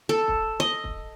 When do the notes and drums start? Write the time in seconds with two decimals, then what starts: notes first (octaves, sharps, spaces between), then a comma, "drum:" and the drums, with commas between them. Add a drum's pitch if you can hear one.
0.09 A4
0.28 drum: kick
0.60 D#5
0.84 drum: kick